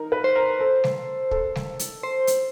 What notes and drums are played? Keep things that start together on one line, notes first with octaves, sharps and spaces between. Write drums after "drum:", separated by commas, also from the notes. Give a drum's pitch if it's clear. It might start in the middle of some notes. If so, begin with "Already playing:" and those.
Already playing: D#4 A#4
B4
C5
A#4
A4
drum: snare G3
A4, drum: kick
drum: snare G3
drum: hi-hat
C5
drum: hi-hat